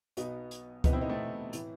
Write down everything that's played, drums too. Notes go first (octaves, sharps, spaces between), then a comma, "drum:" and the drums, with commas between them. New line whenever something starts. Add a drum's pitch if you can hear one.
B1 B2 B3 D#4, drum: hi-hat
drum: hi-hat
F#1 E2 C3 E3 B3 D#4, drum: kick C#2, hi-hat
C4 E4
B3 D#4
A3 C4
A2 E3, drum: hi-hat